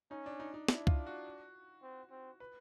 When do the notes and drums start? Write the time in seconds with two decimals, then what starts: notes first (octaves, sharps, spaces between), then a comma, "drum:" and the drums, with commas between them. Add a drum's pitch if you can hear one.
0.11 C#4 D#4
0.26 D4
0.40 D#4
0.54 D#4
0.68 D4 E4, drum: snare
0.87 F4, drum: kick C#2
1.07 F#4
1.83 C4
2.11 C4
2.40 B4